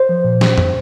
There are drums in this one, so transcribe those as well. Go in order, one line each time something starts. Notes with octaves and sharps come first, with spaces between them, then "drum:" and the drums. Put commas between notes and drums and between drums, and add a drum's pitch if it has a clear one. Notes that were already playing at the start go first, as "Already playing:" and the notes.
Already playing: C5
F3
A#2
drum: snare
drum: tom F2